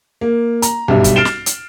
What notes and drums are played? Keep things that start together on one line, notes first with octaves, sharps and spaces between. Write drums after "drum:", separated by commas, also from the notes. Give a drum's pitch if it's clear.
A#3
A#5, drum: hi-hat
B1 G2 G3 E5
drum: kick, hi-hat
F6 A6 C7 D7 E7 G7
drum: snare
drum: hi-hat